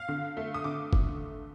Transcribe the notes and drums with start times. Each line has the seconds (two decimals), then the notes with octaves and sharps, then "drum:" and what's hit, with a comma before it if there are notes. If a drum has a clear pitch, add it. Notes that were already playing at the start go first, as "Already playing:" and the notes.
Already playing: F5
0.09 D3
0.37 A3
0.54 D#6
0.64 D3 D6
0.93 drum: kick